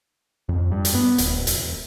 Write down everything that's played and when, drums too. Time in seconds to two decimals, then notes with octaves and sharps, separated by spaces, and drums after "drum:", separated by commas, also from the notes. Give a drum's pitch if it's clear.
0.49 F2
0.71 G2
0.85 drum: hi-hat
0.95 B3
1.18 D1, drum: hi-hat
1.47 E1, drum: hi-hat